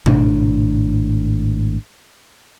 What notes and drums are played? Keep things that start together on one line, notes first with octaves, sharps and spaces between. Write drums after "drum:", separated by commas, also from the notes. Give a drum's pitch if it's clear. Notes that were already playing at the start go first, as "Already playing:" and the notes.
G#1 A2 D4, drum: tom B2